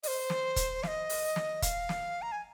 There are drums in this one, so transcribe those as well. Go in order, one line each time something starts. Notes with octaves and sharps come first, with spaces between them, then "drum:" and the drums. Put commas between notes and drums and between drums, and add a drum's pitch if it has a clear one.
D#5, drum: open hi-hat
C5
drum: snare
drum: kick, hi-hat
F5, drum: snare
D#5
drum: open hi-hat
drum: snare
F5, drum: kick, hi-hat
drum: snare
A#5
G#5